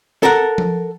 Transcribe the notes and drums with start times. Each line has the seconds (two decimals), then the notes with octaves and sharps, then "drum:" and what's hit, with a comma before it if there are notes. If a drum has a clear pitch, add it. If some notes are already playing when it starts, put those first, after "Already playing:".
0.23 A4 A#4 F#5
0.58 drum: tom F3